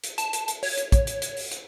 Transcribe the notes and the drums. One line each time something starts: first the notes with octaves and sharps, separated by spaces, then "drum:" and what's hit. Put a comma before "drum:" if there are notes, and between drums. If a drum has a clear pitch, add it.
drum: hi-hat
A5, drum: hi-hat
drum: hi-hat
drum: hi-hat
C#5, drum: open hi-hat
drum: hi-hat
drum: kick, hi-hat
drum: hi-hat
drum: hi-hat
drum: open hi-hat
drum: hi-hat